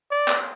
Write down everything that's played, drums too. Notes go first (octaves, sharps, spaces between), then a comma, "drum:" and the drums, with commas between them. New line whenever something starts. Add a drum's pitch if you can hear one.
D5
drum: clap